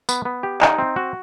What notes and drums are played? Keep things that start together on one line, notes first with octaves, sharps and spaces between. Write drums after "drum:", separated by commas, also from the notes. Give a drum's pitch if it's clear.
B3, drum: tambourine
B3
G4
D#4, drum: clap
C4
F#4